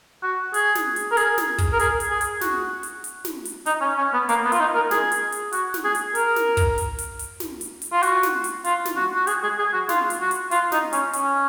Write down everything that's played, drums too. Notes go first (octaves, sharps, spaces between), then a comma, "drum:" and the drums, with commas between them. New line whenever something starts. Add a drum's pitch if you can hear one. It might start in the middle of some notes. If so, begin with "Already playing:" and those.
F#4
G#4, drum: hi-hat
drum: snare
drum: hi-hat
A#4
G#4, drum: hi-hat
drum: snare
drum: kick, hi-hat
A#4
G#4, drum: hi-hat
drum: hi-hat
G#4
drum: hi-hat
F#4, drum: snare
drum: hi-hat
drum: hi-hat
drum: snare
drum: hi-hat
D#4, drum: hi-hat
C#4
C#4
B3
A#3, drum: hi-hat
B3
F4, drum: hi-hat
D#4
A#4
G#4, drum: snare
drum: hi-hat
drum: hi-hat
F#4, drum: hi-hat
drum: snare
G#4
drum: hi-hat
A#4, drum: hi-hat
drum: snare
drum: kick, hi-hat
drum: hi-hat
drum: hi-hat
drum: hi-hat
drum: snare
drum: hi-hat
drum: hi-hat
F4
F#4, drum: hi-hat
drum: snare
drum: hi-hat
F4, drum: hi-hat
drum: snare
F#4
F#4
G#4, drum: hi-hat
G#4
G#4
F#4
F4, drum: snare
drum: hi-hat
F#4
drum: hi-hat
F4, drum: hi-hat
D#4, drum: snare
C#4, drum: hi-hat
C#4, drum: hi-hat